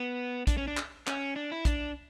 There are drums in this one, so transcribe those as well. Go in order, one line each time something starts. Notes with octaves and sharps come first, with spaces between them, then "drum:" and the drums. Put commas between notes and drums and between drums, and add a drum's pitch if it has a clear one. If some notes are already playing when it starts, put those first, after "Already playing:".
Already playing: B3
D4, drum: kick, hi-hat
C#4
D4
drum: clap
C#4, drum: clap
D4
E4
D4, drum: kick, hi-hat